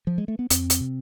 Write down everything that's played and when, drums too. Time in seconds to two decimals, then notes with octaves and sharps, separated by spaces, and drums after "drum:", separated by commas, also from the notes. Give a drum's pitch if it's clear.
0.07 F3
0.18 G#3
0.28 A3
0.39 B3
0.50 F2 C4, drum: hi-hat
0.70 drum: hi-hat
0.80 C3